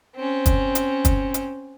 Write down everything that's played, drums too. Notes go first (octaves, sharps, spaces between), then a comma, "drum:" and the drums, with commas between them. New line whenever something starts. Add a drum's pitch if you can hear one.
C4 C#4
drum: kick, hi-hat
drum: hi-hat
drum: kick, hi-hat
drum: hi-hat